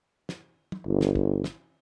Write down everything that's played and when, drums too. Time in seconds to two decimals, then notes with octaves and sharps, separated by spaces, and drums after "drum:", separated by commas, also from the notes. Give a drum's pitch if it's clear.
0.29 drum: snare
0.72 drum: tom
0.87 G1
1.01 drum: snare
1.15 drum: kick
1.44 drum: snare